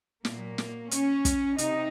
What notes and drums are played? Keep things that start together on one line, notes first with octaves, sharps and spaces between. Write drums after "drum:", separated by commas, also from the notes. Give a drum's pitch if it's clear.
A#2 F#3 A#3, drum: snare
drum: snare
C#4, drum: hi-hat
drum: kick, hi-hat
C3 D#4, drum: hi-hat